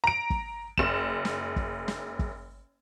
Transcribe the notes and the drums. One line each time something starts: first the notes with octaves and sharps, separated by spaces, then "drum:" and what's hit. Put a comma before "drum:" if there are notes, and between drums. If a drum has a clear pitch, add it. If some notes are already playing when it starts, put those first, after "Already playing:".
A#5 D7
drum: kick
F#1 E7, drum: kick
drum: snare
drum: kick
drum: snare
drum: kick